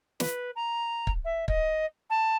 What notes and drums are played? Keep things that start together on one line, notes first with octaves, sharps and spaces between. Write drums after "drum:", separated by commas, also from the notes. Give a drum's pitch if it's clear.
B4, drum: snare
A#5
drum: kick
E5
D#5, drum: kick
A5